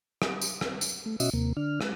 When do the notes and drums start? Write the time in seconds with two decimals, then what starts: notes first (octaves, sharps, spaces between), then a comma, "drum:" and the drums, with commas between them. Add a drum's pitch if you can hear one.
0.22 drum: rim click
0.41 drum: tambourine
0.61 drum: rim click
0.81 drum: tambourine
1.06 A3
1.20 B2 C#4 F#4 D#5 E5, drum: tambourine
1.33 D#2 C3 A#3
1.57 D3 D4 F6
1.81 G#3, drum: rim click